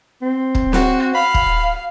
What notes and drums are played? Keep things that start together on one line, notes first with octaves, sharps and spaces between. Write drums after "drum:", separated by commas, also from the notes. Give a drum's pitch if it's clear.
C4
drum: kick
F#4, drum: snare
F5 B5
drum: kick